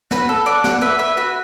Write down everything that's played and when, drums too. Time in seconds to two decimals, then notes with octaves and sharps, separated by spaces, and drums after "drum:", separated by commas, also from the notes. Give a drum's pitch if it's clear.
0.11 F#4 B4, drum: snare
0.29 A4
0.46 D5 F#5
0.64 D5 F#5, drum: snare
0.81 B4 E5
0.99 B4 E5
1.17 F#4 B4